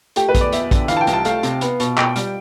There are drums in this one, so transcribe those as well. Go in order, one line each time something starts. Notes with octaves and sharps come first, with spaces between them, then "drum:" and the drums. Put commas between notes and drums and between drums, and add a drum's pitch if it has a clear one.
A3 G4, drum: hi-hat
B4
E2, drum: kick, hi-hat
D5
E2 E5, drum: hi-hat
D3, drum: kick, hi-hat
E3 F5, drum: hi-hat
A5
G5
C2, drum: hi-hat
A5
A3 F5, drum: hi-hat
C3, drum: hi-hat
B3, drum: hi-hat
B2, drum: hi-hat
B2 G5, drum: clap
G3, drum: hi-hat